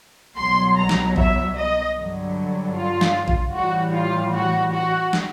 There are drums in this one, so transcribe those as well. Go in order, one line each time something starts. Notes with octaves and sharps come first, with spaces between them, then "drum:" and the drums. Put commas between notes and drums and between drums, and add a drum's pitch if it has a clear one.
C2 B2 F#3 C6
A#5
drum: snare
E5, drum: kick A1
D#5
G2 D3 F#3
F4
drum: snare
drum: kick A1
A2 E3 G3 F#4
F4
F#4
F#4
drum: snare